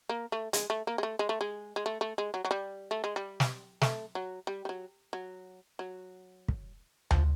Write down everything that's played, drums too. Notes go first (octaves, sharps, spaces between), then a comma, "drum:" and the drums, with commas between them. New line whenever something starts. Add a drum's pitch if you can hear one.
A#3
A3
G#3, drum: hi-hat
A3
A#3
G#3
A3
G#3
A3
G#3
G#3
A3
A3
G#3
F#3
F#3
G3
A3
G#3
G3
drum: snare
A3, drum: snare
F#3
G3
G3
F#3
F#3
F#3
drum: kick
F3, drum: tom D2